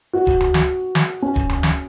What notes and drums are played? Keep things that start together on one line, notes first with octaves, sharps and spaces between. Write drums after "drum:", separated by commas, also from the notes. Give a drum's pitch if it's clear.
F#4
drum: kick D#1
drum: tom D2
drum: snare
drum: snare
C#4
drum: kick D#1
drum: tom D2
drum: snare